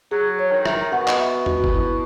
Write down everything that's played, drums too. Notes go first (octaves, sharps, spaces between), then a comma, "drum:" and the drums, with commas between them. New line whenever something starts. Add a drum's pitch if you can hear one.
F#3 G#4
C#5
D#3
E5, drum: rim click
B2 F#5
D#5, drum: clap
E5
F#4, drum: tom
drum: kick G1
E4